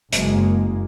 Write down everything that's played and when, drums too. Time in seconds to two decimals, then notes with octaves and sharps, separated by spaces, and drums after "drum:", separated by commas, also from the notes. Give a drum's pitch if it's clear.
0.13 F#1 G#3 A#3, drum: hi-hat